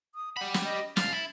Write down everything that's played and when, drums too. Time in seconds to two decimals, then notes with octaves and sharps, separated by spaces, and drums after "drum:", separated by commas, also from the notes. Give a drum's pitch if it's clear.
0.15 D#6
0.37 G4 F#5 B5
0.54 drum: snare
0.64 D#5
0.97 B2 F5 A6, drum: snare
1.13 E4